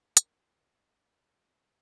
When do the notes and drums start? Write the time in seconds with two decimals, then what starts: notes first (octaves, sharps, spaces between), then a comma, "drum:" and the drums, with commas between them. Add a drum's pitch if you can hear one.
0.17 E4 A#4 B5 C6, drum: hi-hat